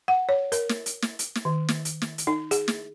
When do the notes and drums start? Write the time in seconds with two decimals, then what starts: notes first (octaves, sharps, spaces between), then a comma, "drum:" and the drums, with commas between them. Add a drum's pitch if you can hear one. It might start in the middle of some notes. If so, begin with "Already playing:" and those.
0.08 F#5
0.29 C#5
0.52 A#4, drum: hi-hat
0.69 drum: snare
0.86 drum: hi-hat
1.02 drum: snare
1.19 drum: hi-hat
1.35 drum: snare
1.45 D#3
1.68 drum: snare
1.85 drum: hi-hat
2.02 drum: snare
2.18 drum: hi-hat
2.27 D#4
2.51 G#4, drum: hi-hat
2.68 drum: snare